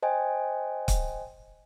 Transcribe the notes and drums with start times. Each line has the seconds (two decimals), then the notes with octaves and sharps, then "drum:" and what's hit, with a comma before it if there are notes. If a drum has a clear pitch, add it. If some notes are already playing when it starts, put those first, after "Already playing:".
0.03 C5 D#5 G5 G#5
0.88 drum: kick, hi-hat